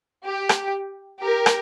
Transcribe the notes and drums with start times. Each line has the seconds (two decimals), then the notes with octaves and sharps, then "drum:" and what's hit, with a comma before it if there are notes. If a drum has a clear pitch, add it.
0.25 G4
0.49 drum: rim click
1.22 G4 A#4
1.46 drum: rim click